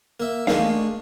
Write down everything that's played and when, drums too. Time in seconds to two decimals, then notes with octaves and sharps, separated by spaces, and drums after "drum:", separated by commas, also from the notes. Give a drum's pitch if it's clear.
0.20 A#3 E5
0.47 E2 G#3 A#3 D4 A4 F5, drum: snare
0.59 A3